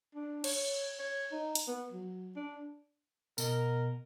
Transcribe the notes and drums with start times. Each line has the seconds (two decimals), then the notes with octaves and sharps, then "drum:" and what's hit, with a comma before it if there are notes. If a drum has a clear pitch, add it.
0.15 D4
0.44 C#5, drum: cymbal
0.99 C#5
1.32 D#4
1.55 drum: hi-hat
1.67 B3
1.92 F#3
2.36 D4
3.38 B2 A#4 D#5, drum: tambourine